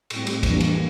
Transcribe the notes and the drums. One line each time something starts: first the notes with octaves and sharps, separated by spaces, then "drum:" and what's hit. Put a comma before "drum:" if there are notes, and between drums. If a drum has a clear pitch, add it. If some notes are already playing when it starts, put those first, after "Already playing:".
A2 G3 C4, drum: cymbal
drum: cymbal
F2 E3 G3 A#3 D4, drum: kick, cymbal
drum: cymbal